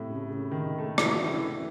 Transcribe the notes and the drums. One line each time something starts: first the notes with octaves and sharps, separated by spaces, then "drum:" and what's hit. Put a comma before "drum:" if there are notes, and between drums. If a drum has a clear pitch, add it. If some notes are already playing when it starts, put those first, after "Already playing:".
Already playing: A2 C3
C#3
C#3
D#3
A3
E3, drum: rim click
F#3
E3